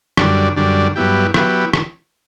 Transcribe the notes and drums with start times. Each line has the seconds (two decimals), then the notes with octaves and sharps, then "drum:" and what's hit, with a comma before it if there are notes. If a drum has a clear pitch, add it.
0.17 F#2 D3 G3 D4, drum: rim click
0.56 F#2 D3 G3 D4
0.96 G2 F#3 B3 E4 G4
1.34 F#3 B3 E4 G4, drum: rim click
1.73 drum: rim click